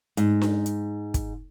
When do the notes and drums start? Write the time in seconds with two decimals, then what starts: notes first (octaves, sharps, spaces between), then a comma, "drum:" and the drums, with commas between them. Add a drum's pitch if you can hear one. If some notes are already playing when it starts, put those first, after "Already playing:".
0.17 G#2, drum: hi-hat
0.42 drum: snare D4
0.66 drum: hi-hat
1.14 drum: kick, hi-hat